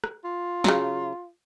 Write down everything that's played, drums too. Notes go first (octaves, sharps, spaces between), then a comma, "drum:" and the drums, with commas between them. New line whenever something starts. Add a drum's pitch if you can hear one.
drum: rim click
F4
C#3 F#3, drum: snare